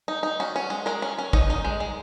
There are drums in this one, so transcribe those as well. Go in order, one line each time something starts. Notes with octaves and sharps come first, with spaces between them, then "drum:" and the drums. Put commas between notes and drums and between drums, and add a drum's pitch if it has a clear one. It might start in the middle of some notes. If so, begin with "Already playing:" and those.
D#4
D#4
C#4 F#4
C#4
G#3
G#3 A#4
C#4
C#4
D#4 D#5, drum: kick
D#4
G#3
G#3